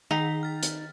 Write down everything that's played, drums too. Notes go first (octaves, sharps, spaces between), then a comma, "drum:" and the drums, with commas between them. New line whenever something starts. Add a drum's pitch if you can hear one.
D#3 D#4 G5 B6
F6 A6
drum: hi-hat